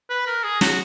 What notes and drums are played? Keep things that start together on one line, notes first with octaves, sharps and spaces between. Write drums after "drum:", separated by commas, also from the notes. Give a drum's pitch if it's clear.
B4
A#4
G#4
F#4, drum: snare